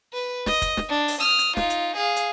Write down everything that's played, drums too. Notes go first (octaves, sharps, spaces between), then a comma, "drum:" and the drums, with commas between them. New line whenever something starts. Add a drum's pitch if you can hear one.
B4
D#5, drum: snare
drum: kick, hi-hat
drum: snare
D4
drum: open hi-hat
D#6 F6
drum: hi-hat
D#4 F4, drum: snare
drum: hi-hat
G#4 F5
drum: hi-hat